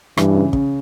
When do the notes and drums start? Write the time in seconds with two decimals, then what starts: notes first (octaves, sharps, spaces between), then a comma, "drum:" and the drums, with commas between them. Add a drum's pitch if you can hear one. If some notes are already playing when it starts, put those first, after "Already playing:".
0.17 G2 E3, drum: rim click
0.34 C#3
0.53 C#3, drum: kick